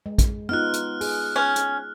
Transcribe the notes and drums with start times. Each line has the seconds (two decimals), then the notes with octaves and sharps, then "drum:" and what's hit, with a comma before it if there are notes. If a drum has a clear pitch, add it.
0.06 G#3
0.18 drum: kick, hi-hat
0.49 B3 D#4 F4 F6 F#6
0.73 drum: hi-hat
1.01 G#4, drum: open hi-hat
1.36 C#4
1.56 drum: hi-hat